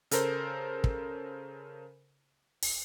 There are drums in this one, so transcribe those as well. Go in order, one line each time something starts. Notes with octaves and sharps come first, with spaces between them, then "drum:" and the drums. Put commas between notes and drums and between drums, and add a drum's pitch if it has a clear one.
C#3 A4 A#4 C5, drum: hi-hat
drum: kick
drum: open hi-hat